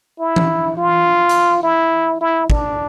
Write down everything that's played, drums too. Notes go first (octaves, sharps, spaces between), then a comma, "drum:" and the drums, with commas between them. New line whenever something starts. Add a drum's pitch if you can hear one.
E4
drum: tom E3
F4
drum: hi-hat
E4
E4
D4, drum: kick